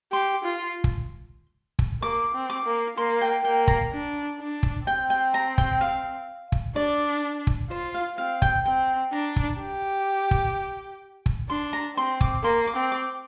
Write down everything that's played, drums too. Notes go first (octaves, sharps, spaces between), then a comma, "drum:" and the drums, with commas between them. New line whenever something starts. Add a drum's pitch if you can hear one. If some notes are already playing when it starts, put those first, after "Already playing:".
G4 C6
F4
drum: kick
drum: kick
A#3 D6
C4
D6
A#3
A#3 C6
G5
A#3 G5
A#5, drum: kick
D4
D4
drum: kick
C4 G5
G5
A#5
G5, drum: kick
F5
drum: kick
D4 D5
drum: kick
F4 C5
F5
C4 F5
G5, drum: kick
C4 G5
D4 A#5
drum: kick
G4
drum: kick
drum: kick
D4 C6
A#5
C4 C6
D6, drum: kick
A#3 C6
D6
C4
D6